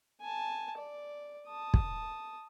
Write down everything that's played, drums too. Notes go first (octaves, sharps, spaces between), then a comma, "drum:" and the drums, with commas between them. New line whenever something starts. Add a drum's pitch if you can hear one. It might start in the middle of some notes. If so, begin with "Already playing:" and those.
G#5 A5
D5
A5 D#6
drum: kick